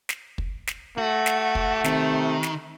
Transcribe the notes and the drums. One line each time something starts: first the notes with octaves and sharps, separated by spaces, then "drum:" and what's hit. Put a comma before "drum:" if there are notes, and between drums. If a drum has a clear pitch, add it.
drum: snare
drum: kick
drum: snare
A3 F#4
drum: snare
drum: kick
C3 D#3, drum: snare
drum: snare